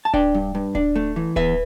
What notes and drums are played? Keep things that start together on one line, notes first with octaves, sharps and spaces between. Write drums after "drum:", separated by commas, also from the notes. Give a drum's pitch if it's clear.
A5
D4 D5 G5, drum: kick D1
G2
G2
D4, drum: kick D1
A3
E3
E2 B4 E5, drum: kick D1